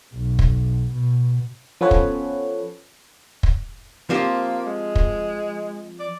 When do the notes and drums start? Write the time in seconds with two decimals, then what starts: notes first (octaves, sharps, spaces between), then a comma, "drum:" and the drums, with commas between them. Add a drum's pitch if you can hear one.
0.13 B1
0.39 drum: kick
0.91 B2
1.81 F3 B3 C#4 A4 B4 C#5
1.91 drum: kick
3.43 drum: kick
4.10 F3 A#3 C4 G4
4.66 G#3
4.95 drum: kick
5.99 D5